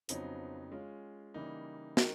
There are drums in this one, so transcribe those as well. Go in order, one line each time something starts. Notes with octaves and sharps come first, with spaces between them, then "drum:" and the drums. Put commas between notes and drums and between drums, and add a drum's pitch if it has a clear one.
F2 C#3 F3 F#3 B3 D#4, drum: hi-hat
G#3 C#4 F4
C#3 E3 G3 A#3 D#4
D#3 G#3 C4, drum: snare